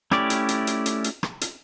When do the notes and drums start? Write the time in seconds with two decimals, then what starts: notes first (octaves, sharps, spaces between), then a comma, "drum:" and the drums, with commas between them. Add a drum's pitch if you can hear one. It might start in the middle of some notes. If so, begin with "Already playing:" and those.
0.11 A3 C#4 E4 G4 D5, drum: rim click
0.30 drum: hi-hat
0.49 drum: hi-hat
0.67 drum: hi-hat
0.86 drum: hi-hat
1.04 drum: hi-hat
1.23 drum: rim click
1.41 drum: hi-hat